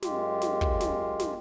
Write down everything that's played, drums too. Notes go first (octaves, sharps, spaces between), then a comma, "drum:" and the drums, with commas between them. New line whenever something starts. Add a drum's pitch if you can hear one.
F#2 G#3 F4 G4, drum: snare
drum: snare
drum: kick
drum: snare
drum: snare